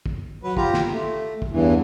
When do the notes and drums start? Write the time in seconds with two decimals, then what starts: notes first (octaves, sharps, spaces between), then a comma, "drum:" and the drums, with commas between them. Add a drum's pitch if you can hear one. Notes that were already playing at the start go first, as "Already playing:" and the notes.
0.06 drum: kick
0.43 F#3 B4
0.57 F4 G4 A#5, drum: kick
0.74 drum: snare
0.91 A3
1.42 drum: kick
1.51 E2 G2 E3